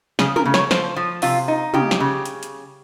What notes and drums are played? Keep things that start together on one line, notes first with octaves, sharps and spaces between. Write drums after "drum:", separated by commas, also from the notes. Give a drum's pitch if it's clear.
C#3 G#4, drum: snare
A#4, drum: tom
C#3
C#5, drum: snare
F3 C5, drum: snare
F3
C3 F4, drum: open hi-hat
D#4
C#3 G4, drum: tom
drum: snare
C#3
drum: hi-hat
drum: hi-hat